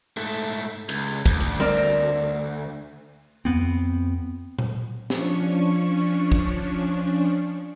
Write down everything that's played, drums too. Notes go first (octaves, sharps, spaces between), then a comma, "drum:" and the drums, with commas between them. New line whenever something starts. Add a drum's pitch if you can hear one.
G#2 A3 A4
C#2, drum: cymbal
D2, drum: kick
drum: hi-hat
C4 A#4 D5, drum: tom G3
F2 B3 C4
drum: tom A#2
F3 C#4 D4 C#6, drum: snare
drum: kick